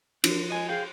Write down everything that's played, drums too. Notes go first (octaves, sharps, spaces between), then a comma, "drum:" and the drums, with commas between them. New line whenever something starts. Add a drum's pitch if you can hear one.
F3 D4 A#4, drum: cymbal
D#5 G#5
G#4 F5 G5